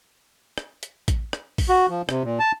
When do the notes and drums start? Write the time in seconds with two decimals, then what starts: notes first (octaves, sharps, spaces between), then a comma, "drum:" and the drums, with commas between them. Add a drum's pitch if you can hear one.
0.58 drum: rim click
0.83 drum: hi-hat
1.08 drum: kick A1, hi-hat
1.33 drum: rim click
1.58 drum: kick A1, open hi-hat
1.69 F#4
1.89 F3
2.09 C3, drum: rim click
2.24 A#2
2.39 A5